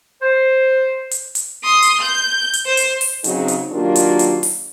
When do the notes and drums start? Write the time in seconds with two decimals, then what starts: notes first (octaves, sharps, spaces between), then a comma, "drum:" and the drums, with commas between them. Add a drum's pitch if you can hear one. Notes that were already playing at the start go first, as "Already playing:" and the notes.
0.22 C5
1.11 drum: hi-hat
1.35 drum: hi-hat
1.64 C6 D#6
1.82 drum: hi-hat
2.01 G6
2.53 drum: hi-hat
2.66 C5
2.77 drum: hi-hat
3.01 drum: open hi-hat
3.24 C#3 F#3 C4 D#4 F#4 G#4, drum: hi-hat
3.48 drum: hi-hat
3.72 D#3 F#3 A#3 D4 F4 G4
3.96 drum: hi-hat
4.19 drum: hi-hat
4.43 drum: open hi-hat